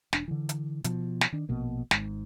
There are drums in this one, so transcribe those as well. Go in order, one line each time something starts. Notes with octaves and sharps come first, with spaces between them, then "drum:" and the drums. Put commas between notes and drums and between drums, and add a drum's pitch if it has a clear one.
E1 D4, drum: snare
D3 E3
drum: hi-hat
B2 F3, drum: hi-hat
drum: snare
D#3 D4
A#1 B2 A#3
G#1 G#2, drum: snare